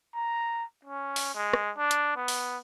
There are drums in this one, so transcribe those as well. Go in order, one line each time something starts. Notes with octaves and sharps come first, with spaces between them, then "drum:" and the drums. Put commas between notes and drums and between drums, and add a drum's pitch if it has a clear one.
A#5
C#4
drum: open hi-hat
G#3
drum: rim click
D4
drum: hi-hat
B3
drum: open hi-hat